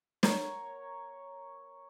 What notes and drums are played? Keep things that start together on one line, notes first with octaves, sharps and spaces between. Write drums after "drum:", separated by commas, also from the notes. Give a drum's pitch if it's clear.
A#4 C#5, drum: snare